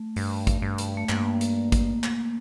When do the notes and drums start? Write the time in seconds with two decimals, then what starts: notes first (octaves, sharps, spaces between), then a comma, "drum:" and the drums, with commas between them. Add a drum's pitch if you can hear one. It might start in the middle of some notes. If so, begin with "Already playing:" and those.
Already playing: A3
0.16 G2, drum: open hi-hat
0.47 drum: kick, hi-hat
0.62 G2
0.78 drum: hi-hat
0.97 A3
1.09 G2 A#3, drum: clap
1.41 drum: hi-hat
1.72 drum: kick, hi-hat
2.04 drum: clap